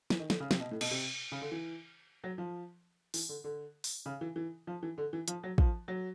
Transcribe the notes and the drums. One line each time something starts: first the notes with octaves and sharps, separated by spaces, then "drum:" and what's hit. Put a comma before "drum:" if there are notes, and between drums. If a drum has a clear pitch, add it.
E3, drum: snare
D#3
D3, drum: snare
C#3
C3, drum: snare
B2
A2
B2, drum: cymbal
C3
C#3
D3
E3
F#3
F3
E3, drum: open hi-hat
D3
D3
drum: open hi-hat
C#3
E3
E3
F3
E3
D3
E3
F3, drum: hi-hat
F#3
F3, drum: kick
F#3